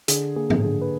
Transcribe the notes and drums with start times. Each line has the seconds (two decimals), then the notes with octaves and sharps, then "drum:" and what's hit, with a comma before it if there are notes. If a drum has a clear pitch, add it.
0.08 D3 G#4, drum: hi-hat
0.36 A#3 G#4
0.50 drum: tom
0.64 D3 G#4
0.81 B4